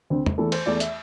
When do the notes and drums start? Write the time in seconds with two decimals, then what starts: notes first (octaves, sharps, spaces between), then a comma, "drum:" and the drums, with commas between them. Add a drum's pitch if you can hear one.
0.10 D2 D3 C4 C5
0.26 drum: tom
0.38 E2 E3 A3 A4
0.52 C5, drum: cymbal
0.66 E2 E3 A3 D5
0.80 E5, drum: hi-hat